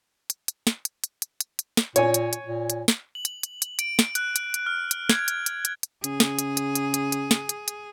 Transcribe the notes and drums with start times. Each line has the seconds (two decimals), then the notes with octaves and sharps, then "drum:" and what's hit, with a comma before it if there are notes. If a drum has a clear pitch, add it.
0.30 drum: hi-hat
0.48 drum: hi-hat
0.67 drum: snare
0.85 drum: hi-hat
1.04 drum: hi-hat
1.22 drum: hi-hat
1.40 drum: hi-hat
1.59 drum: hi-hat
1.77 drum: snare
1.96 A#2 C#5 G#5, drum: hi-hat
2.14 drum: hi-hat
2.33 drum: hi-hat
2.47 A#2
2.70 drum: hi-hat
2.88 drum: snare
3.15 F#7
3.25 drum: hi-hat
3.43 drum: hi-hat
3.62 drum: hi-hat
3.79 D7, drum: hi-hat
3.99 drum: snare
4.15 F#6, drum: hi-hat
4.36 drum: hi-hat
4.54 drum: hi-hat
4.66 F6
4.91 drum: hi-hat
5.09 G#6, drum: snare
5.28 drum: hi-hat
5.46 drum: hi-hat
5.65 drum: hi-hat
5.83 drum: hi-hat
6.04 C#3 G#4, drum: hi-hat
6.20 drum: snare
6.39 drum: hi-hat
6.57 drum: hi-hat
6.75 drum: hi-hat
6.94 drum: hi-hat
7.12 drum: hi-hat
7.31 drum: snare
7.49 drum: hi-hat
7.68 drum: hi-hat